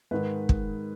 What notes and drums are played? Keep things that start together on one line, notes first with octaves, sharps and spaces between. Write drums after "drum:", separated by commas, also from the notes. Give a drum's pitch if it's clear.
G#2 D#3 B4
drum: kick